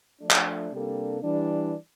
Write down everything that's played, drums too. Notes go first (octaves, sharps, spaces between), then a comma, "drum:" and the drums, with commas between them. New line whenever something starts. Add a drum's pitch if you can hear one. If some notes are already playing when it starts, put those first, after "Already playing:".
F3 A3 D4
drum: clap
C3 G3 A#3 D4 A4
E3 G3 D4